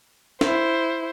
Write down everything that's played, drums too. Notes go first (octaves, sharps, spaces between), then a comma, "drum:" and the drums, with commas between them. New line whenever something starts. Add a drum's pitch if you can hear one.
E4 C5, drum: snare